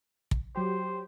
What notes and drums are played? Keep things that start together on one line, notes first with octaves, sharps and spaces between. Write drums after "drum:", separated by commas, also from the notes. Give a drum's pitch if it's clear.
drum: kick
F#3 G4 C5